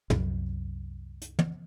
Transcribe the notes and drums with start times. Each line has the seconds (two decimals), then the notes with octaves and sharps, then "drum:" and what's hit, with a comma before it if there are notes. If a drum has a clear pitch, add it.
0.10 C2 F#2, drum: tom
1.22 drum: hi-hat
1.39 drum: tom